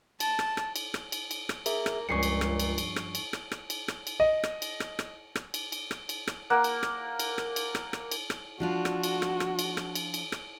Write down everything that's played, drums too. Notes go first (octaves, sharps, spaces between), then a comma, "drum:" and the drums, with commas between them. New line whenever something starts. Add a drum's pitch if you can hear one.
A5, drum: cymbal
drum: rim click
drum: rim click
drum: cymbal
drum: rim click
drum: cymbal
drum: cymbal
drum: rim click
A#3 G#4 E5, drum: cymbal
drum: rim click
C#2 G2 A#2 F3 C#4 C#6 C7 C#7
drum: cymbal
drum: rim click
drum: cymbal
drum: cymbal
drum: rim click
drum: cymbal
drum: rim click
drum: rim click
drum: cymbal
drum: rim click
drum: cymbal
D#5
drum: rim click
drum: cymbal
drum: rim click
drum: rim click
drum: rim click
drum: cymbal
drum: cymbal
drum: rim click
drum: cymbal
drum: rim click
A#3 F#5
drum: cymbal
drum: rim click
drum: cymbal
drum: rim click
drum: cymbal
drum: rim click
drum: rim click
drum: cymbal
drum: rim click
F3 D4 F4 F#4
drum: rim click
drum: cymbal
drum: rim click
drum: rim click
drum: cymbal
drum: rim click
drum: cymbal
drum: cymbal
drum: rim click